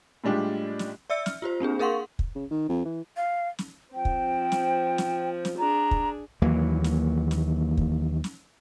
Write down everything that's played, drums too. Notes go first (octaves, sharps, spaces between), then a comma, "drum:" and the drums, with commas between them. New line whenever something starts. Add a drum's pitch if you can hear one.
A2 G3 G#3 D4 F4 G4
drum: snare
D5 E5 E6 C#7
F6, drum: snare
F4 G4 C5
A#3 C4 D4 G#4
G#4 A#4 F5 F#5 C6 C#6
drum: kick
C#3
D#3
F2
E3
F5
drum: snare
F3 C4 G5
drum: kick
drum: snare
drum: snare
drum: snare
D4 G#4 A#5
drum: kick
D#2 E3 F#3 A#3
drum: snare
drum: snare
drum: kick
drum: snare